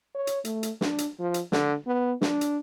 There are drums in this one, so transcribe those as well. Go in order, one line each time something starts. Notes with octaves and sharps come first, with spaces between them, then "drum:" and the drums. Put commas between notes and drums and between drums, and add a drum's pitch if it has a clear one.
C#5
drum: hi-hat
A3, drum: hi-hat
drum: hi-hat
D4, drum: snare
drum: hi-hat
F3
drum: hi-hat
D3, drum: snare
B3
D4, drum: snare
drum: hi-hat